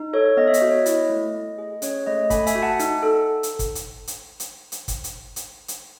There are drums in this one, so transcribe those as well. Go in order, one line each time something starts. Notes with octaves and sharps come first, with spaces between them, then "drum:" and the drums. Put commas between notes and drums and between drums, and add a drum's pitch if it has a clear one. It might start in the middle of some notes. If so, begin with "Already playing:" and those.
Already playing: D#4
A4 C#5
B3 D#5
E5
D#5, drum: hi-hat
F#4
C#5
E4 D#5, drum: hi-hat
A3
A3
G#4
C#4 C#5, drum: hi-hat
A3 D#5
A3 G#5 B5, drum: kick, hi-hat
E5 G#5, drum: hi-hat
F#4
F#5 A5
D#4, drum: hi-hat
A4
drum: hi-hat
drum: kick, hi-hat
drum: hi-hat
drum: hi-hat
drum: hi-hat
drum: hi-hat
drum: kick, hi-hat
drum: hi-hat
drum: hi-hat
drum: hi-hat